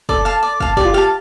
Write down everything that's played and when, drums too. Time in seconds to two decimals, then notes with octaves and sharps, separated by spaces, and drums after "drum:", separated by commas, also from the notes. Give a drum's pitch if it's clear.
0.09 A4 D5, drum: kick
0.25 F5 A5
0.43 D5
0.60 F5 A5, drum: kick
0.77 G4 D5, drum: kick
0.85 F4
0.94 G4 F5 A5